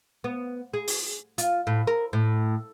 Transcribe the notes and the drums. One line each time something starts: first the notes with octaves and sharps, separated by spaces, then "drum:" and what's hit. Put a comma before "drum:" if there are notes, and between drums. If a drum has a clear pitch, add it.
B3
G#4
drum: open hi-hat
F4, drum: hi-hat
A2
A#4
A2